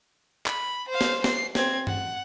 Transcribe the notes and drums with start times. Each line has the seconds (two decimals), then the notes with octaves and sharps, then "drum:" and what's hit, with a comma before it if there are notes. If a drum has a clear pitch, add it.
0.46 B5, drum: clap
0.89 C5 F5
1.01 drum: snare
1.24 C7, drum: snare
1.55 C4 G#6, drum: snare
1.87 F#5, drum: tom G2